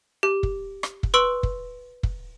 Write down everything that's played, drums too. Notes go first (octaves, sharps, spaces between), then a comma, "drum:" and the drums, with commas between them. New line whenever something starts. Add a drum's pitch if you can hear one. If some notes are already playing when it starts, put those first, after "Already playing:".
G4
drum: kick
drum: rim click
drum: kick
B4 C6 C#6 E6 D7 F#7
drum: kick
drum: kick